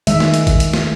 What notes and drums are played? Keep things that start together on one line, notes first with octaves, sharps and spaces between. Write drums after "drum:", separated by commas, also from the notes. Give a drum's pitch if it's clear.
D#3 G#3 E5, drum: hi-hat
drum: snare
drum: hi-hat
drum: kick, hi-hat
drum: hi-hat
drum: snare